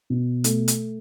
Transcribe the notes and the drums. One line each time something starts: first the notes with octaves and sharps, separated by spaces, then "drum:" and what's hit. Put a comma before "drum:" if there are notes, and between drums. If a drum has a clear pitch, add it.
B2
A3, drum: hi-hat
drum: hi-hat